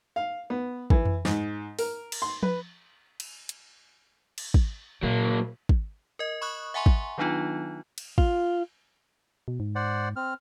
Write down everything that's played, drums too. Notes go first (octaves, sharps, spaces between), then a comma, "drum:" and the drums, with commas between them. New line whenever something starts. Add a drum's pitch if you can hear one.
F5
B3
E3, drum: kick
drum: tom F2
G#2, drum: snare
A#4, drum: open hi-hat
drum: cymbal
C6
B4, drum: tom F3
drum: cymbal
drum: hi-hat
drum: cymbal
drum: kick
A#2 F#3 A#3
drum: kick
A#4 D#5
B5 C#6 D#6 F#6
E5 F#5 G#5 A#5 C6 C#6
drum: kick
D#3 F#3 B3 D4 D#4 F4
drum: cymbal
F4, drum: kick
B2
G#2
C5 D5 F#5
C4 F6